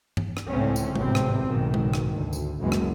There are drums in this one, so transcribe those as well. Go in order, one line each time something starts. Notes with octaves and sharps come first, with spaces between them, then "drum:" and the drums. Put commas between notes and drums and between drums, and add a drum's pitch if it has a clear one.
drum: tom G2
drum: rim click
C#2 A2 D3 C4 C#4
drum: tambourine
G#1 E2 A2 C3 C4, drum: tom G#3
drum: rim click
F#1 B1 G#2 D#3
drum: tom G#3
drum: rim click
D2
drum: tambourine
F#1 C#2 F#2 E3 G#3
drum: rim click